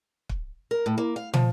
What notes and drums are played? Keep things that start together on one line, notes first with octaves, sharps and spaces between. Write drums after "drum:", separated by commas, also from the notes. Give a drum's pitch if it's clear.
drum: kick
A#4
A2
A#3
F5
F3, drum: tom